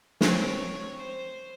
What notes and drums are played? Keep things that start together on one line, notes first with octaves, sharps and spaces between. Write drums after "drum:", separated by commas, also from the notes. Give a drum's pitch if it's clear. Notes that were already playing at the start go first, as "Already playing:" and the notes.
C4 C#5, drum: snare
C#5
C5